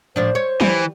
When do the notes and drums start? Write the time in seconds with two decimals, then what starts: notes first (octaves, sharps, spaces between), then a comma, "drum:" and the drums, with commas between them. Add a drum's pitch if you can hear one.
0.16 A2 F3 D4 C5
0.35 C#5
0.61 E3 G4, drum: tom F3